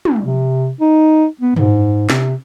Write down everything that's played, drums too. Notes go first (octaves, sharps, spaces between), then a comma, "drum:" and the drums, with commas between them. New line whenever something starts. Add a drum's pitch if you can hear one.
drum: tom
C3
D#4
B3
G#2, drum: tom
C3, drum: snare